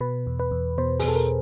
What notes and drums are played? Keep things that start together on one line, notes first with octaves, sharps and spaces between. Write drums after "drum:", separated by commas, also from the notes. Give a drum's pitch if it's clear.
B2 B4
E2
B4
E2
B2 C5
G#4, drum: open hi-hat
B2 A4
A#4